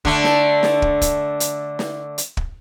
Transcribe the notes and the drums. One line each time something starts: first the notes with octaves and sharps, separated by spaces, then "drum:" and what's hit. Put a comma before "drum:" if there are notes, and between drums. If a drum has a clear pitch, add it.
D3 A3, drum: kick
drum: snare
drum: snare
drum: kick
drum: kick, hi-hat
drum: hi-hat
drum: snare
drum: hi-hat
drum: kick